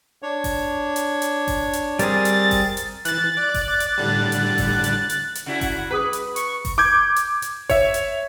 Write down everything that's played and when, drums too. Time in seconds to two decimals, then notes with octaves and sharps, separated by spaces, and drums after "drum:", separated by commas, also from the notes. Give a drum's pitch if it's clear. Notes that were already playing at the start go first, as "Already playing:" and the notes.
0.23 D4 C#5
0.44 drum: kick G1, open hi-hat
0.96 drum: hi-hat
1.22 drum: hi-hat
1.48 drum: kick G1, open hi-hat
1.73 drum: hi-hat
1.99 G3 C4 G#4 A#4 A6, drum: hi-hat
2.25 drum: hi-hat
2.51 drum: kick G1, open hi-hat
2.77 drum: hi-hat
3.05 E3 F#6 A6, drum: hi-hat
3.37 D5
3.54 drum: kick G1, open hi-hat
3.80 drum: hi-hat
3.98 A2 D3 G3
4.32 drum: hi-hat
4.58 drum: kick G1, open hi-hat
4.84 drum: hi-hat
5.10 drum: hi-hat
5.35 drum: hi-hat
5.46 C#3 E4 F#4
5.61 drum: kick G1, open hi-hat
5.91 C#4 G#4 B4 D#6
6.13 drum: hi-hat
6.36 C#6, drum: hi-hat
6.65 drum: kick G1, open hi-hat
6.78 D6 G6 G#6
7.16 drum: hi-hat
7.42 drum: hi-hat
7.70 C#5 E5, drum: kick G1, open hi-hat
7.94 drum: hi-hat